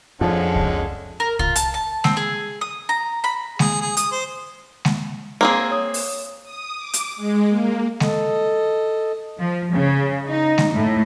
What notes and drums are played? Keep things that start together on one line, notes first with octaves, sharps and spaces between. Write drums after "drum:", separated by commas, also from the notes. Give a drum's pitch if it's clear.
F2 D3 F3 G#3 C#4
drum: kick C2
A#4
F4, drum: kick C2
A5, drum: hi-hat
A5
C4, drum: snare G#3
G#4
D#6
A#5
B5
G#4, drum: snare G#3
G#4
D#6, drum: hi-hat
C5
drum: snare G#3
A#3 C4 G#4 C5
C#5 D#6
drum: open hi-hat
D#6
D6
drum: hi-hat
G#3
A#3
A4 D#5, drum: snare G#3
F3
C#3
D#4
drum: snare G#3
A2